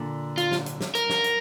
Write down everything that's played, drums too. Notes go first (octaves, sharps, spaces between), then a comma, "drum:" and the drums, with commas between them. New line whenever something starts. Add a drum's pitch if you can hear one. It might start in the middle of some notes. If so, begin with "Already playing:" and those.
Already playing: A#2 D3
F4, drum: hi-hat
drum: snare
drum: hi-hat
drum: snare
A#4, drum: hi-hat
drum: snare
drum: hi-hat